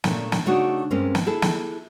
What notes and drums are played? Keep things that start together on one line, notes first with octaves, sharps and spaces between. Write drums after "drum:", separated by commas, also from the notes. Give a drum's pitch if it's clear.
A#2 C#3 A3 D4, drum: snare
drum: snare
C#3 A3 D4 D#4 F#4
G2 G#3 A#3 C4 C#4
drum: snare
E4 G#4 A4
drum: snare